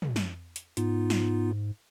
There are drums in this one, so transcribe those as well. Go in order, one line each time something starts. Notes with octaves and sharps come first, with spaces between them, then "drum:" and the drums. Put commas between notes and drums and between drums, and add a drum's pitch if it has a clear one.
drum: tom
drum: snare
drum: hi-hat
G#2 B3 D#4 F4, drum: hi-hat
drum: snare